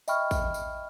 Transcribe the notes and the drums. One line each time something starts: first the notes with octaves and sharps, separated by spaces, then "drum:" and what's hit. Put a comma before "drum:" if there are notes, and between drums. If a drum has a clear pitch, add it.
D#5 E5 G5 B5 C#6 F6, drum: tambourine
drum: kick, tambourine
drum: tambourine